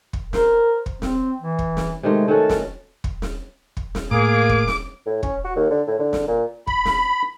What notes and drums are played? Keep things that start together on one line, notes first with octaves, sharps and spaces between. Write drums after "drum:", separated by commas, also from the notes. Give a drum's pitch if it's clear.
drum: kick
A#4 C5, drum: snare
drum: kick
C4, drum: snare
E3
drum: kick
drum: snare
C3 D#3 G#3 A3
D#3 C#4 F#4 A4
drum: snare
drum: kick
drum: snare
drum: kick
drum: snare
A2 A#3 G#4 D6
drum: kick
drum: snare
A2
C#4, drum: kick
F#4
D#2
D3
A2
D3
drum: snare
A#2
B5, drum: kick
drum: snare